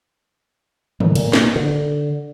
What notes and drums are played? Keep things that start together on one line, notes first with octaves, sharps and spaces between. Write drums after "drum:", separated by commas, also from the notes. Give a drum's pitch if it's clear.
A2, drum: tom
A#2, drum: cymbal
drum: snare
D3